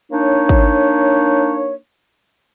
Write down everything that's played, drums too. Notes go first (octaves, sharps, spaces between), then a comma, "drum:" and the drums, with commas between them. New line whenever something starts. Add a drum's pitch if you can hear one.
A#3 D4 D#4 C#5
drum: kick